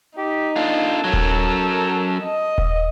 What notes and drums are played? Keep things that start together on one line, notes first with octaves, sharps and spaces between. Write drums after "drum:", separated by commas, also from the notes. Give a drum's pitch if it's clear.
D#4 G4
D4 F4 A4
F#3 C#4 A#4
drum: kick D#1
D#5
drum: kick D#1